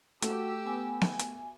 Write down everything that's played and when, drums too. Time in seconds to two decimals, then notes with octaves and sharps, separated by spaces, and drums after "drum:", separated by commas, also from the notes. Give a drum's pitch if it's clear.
0.22 A3 F#4 G4 A4 E6, drum: hi-hat
0.67 B3 G#5
1.01 drum: snare B3
1.19 drum: hi-hat